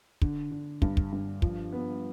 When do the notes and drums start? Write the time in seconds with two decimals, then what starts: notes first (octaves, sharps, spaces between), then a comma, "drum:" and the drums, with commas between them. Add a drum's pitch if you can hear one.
0.22 D3, drum: kick
0.51 D3
0.82 G2, drum: kick
0.97 drum: kick
1.12 G2
1.42 F3, drum: kick
1.73 B3